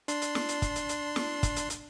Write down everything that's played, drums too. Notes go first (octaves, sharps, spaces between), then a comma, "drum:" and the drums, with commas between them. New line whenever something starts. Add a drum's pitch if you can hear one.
D4 C6, drum: hi-hat
drum: hi-hat
drum: snare
drum: hi-hat
drum: kick, hi-hat
drum: hi-hat
drum: hi-hat
drum: snare
drum: kick, hi-hat
drum: hi-hat
drum: hi-hat